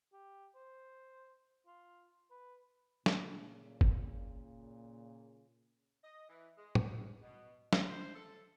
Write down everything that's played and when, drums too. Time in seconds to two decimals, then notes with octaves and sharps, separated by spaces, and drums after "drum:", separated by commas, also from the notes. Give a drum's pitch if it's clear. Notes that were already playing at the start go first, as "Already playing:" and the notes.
0.13 G4
0.55 C5
1.67 F4
2.31 B4
3.06 A#2 C#3, drum: snare
3.81 drum: kick F#1
6.03 D#5
6.28 E3
6.56 G#3
6.75 E2, drum: tom
7.21 B2
7.73 F4, drum: snare
7.90 C5
8.13 A4